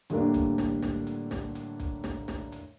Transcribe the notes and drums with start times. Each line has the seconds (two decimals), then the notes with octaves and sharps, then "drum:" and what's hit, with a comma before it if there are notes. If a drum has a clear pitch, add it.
0.10 A2 D3 G3 A3 A#3 D4, drum: hi-hat
0.34 drum: kick, hi-hat
0.58 drum: snare
0.83 drum: snare
1.07 drum: hi-hat
1.31 drum: snare
1.55 drum: hi-hat
1.80 drum: kick, hi-hat
2.04 drum: snare
2.28 drum: snare
2.52 drum: hi-hat